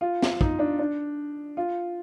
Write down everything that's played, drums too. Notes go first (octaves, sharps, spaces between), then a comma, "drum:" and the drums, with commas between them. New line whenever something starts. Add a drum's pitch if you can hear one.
F4
drum: snare
D#4, drum: kick
D4
D4
F4